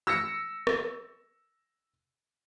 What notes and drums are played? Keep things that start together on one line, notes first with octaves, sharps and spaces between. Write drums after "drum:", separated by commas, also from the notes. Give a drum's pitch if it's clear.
E6 A#6 C#7
drum: rim click